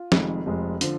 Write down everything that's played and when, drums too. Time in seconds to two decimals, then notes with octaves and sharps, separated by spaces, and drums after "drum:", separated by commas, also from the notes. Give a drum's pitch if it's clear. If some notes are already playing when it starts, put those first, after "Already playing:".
Already playing: F4
0.12 F1 F2 D#3 G#3, drum: snare
0.46 F1 F2 F3 G#3
0.81 D3 F3, drum: hi-hat